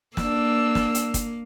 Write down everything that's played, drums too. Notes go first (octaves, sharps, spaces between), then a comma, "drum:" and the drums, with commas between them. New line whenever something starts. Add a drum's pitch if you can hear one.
A#3 D4 E6, drum: snare
drum: snare
drum: hi-hat
drum: kick, hi-hat